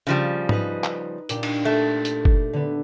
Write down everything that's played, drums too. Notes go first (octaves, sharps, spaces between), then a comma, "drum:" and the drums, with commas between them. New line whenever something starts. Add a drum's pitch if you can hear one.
C#3 F3 G3
D#4 B4 D#5, drum: tom G#2
drum: clap
A#2 D4 G4, drum: hi-hat
drum: cymbal
A3 G6
drum: hi-hat
drum: kick
D3 B3